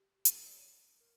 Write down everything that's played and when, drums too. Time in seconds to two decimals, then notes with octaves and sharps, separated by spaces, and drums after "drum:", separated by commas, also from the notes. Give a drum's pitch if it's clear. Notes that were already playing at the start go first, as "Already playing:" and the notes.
Already playing: G4
0.25 A4, drum: hi-hat
0.35 A#4
0.45 D5
0.56 C#5
1.00 A#4